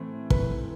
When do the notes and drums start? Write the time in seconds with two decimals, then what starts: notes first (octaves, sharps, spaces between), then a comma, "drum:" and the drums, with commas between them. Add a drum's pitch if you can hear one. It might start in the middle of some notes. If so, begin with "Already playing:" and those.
Already playing: A2 E3 A3 C4
0.30 B4, drum: kick